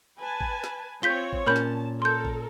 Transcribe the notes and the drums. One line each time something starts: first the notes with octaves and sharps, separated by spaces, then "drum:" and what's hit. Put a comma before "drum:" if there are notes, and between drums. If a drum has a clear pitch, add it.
B4 G#5 A5
drum: kick G#1
drum: snare
C4 F4 C#5 G6 B6 G7
drum: kick G#1
A#2 C#4 A#4 A5 B5 G6
drum: snare
A4 A#4 C6 G6
drum: kick G#1